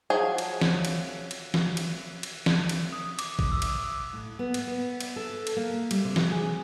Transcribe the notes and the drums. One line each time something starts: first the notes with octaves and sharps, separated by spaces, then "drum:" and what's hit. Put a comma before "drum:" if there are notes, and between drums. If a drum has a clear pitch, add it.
F3 F#3 G#4
drum: cymbal
drum: snare
drum: cymbal
drum: cymbal
drum: snare
drum: cymbal
drum: cymbal
drum: snare
drum: cymbal
D#6
D6, drum: cymbal
drum: kick
E6
drum: cymbal
A2
B3
drum: cymbal
B3
drum: cymbal
A4
drum: cymbal
A#3
G3, drum: cymbal
C3
drum: snare
G#4